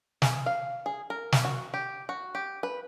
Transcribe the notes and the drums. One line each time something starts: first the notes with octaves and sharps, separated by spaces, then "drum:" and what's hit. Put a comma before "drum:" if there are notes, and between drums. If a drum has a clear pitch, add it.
G#4, drum: snare
F5
G#4
A#4
drum: snare
F#4
G4
F#4
G4
B4